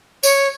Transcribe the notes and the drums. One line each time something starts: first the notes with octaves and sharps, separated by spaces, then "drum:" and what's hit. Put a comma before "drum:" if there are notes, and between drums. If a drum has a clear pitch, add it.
C#5, drum: tambourine